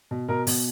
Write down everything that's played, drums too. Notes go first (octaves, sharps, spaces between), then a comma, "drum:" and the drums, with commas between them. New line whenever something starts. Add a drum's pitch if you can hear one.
B2
B2 A#4 A#5
B2, drum: open hi-hat